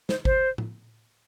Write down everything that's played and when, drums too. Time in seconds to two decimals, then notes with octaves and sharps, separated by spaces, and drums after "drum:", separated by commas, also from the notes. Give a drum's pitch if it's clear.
0.09 C5, drum: snare
0.25 C5, drum: kick
0.58 drum: tom A2